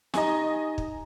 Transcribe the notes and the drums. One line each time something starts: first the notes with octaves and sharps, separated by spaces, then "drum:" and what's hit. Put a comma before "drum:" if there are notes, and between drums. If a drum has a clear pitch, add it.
D#4 G4 D#5 G#5 A#5, drum: snare
drum: kick